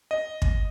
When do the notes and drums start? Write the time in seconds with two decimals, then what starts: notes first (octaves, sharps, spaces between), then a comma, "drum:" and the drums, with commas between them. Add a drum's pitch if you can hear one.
0.11 D#5
0.42 drum: kick